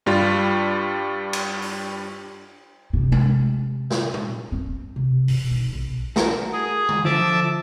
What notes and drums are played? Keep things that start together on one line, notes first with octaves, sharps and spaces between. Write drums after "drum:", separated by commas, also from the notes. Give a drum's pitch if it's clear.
G2 G3 F4
drum: cymbal
drum: open hi-hat
C3
drum: tom G#3
drum: snare
drum: tom A#2
C4
C3
B2, drum: open hi-hat
D#4
B1
A3 F#4 A#4, drum: snare
G#4 D#6
drum: tom C#3
D3 F3 E5 A5 D6